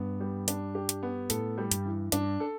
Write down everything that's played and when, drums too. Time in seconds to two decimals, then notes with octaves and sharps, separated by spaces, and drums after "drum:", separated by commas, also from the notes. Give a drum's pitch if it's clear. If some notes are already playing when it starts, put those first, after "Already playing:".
Already playing: G2 B3
0.21 G3
0.48 D4, drum: hi-hat
0.75 G4
0.89 drum: hi-hat
1.03 B3
1.30 A2 A4, drum: hi-hat
1.58 G3
1.71 G2, drum: hi-hat
1.86 E3
2.12 G2 D4, drum: hi-hat
2.40 A4